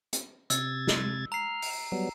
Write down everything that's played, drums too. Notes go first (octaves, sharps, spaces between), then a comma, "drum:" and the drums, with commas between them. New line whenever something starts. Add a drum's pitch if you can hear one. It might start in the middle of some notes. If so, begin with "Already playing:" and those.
drum: hi-hat
C3 E6 G#6 A6, drum: hi-hat
drum: snare
A#5 F6 C7
drum: open hi-hat
F#3 G3 B3